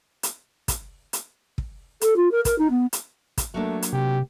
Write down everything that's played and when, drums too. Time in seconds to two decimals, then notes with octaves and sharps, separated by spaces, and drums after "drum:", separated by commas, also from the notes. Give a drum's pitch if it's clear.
0.23 drum: hi-hat
0.68 drum: kick, hi-hat
1.13 drum: hi-hat
1.58 drum: kick
2.01 A4, drum: hi-hat
2.16 F4
2.31 A#4
2.45 A#4, drum: kick, hi-hat
2.58 D#4
2.70 B3
2.93 drum: hi-hat
3.38 drum: kick, hi-hat
3.54 F#3 A3 A#3 D4
3.82 drum: hi-hat
3.93 C3 G4